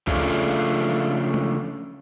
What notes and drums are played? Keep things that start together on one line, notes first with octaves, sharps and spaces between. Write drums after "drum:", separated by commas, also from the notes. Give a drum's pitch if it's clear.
C#3 F3 A3 D4 F4 G#4, drum: kick B1
drum: open hi-hat
drum: tom G#3